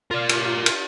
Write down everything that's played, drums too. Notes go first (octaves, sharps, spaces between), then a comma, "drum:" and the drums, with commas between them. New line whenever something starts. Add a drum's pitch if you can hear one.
F4 A#4 D5
drum: cymbal
drum: cymbal